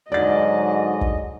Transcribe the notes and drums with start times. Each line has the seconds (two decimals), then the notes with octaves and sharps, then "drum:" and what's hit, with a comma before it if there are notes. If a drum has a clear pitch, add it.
0.12 G#2 D3 F#3 D5 D#5 A6
1.01 drum: kick